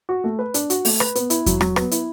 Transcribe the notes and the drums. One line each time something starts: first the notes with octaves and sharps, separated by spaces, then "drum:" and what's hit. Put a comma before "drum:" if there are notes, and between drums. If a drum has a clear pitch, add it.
F#4
A3
B4
D4, drum: hi-hat
F#4, drum: hi-hat
A3, drum: open hi-hat
B4, drum: rim click
B3, drum: hi-hat
E4, drum: hi-hat
F#3, drum: kick E2, hi-hat
F#3, drum: rim click
B3, drum: rim click
E4, drum: hi-hat